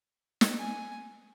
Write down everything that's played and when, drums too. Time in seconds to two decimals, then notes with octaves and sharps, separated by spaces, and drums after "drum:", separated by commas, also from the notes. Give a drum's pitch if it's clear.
0.41 drum: snare
0.58 G#5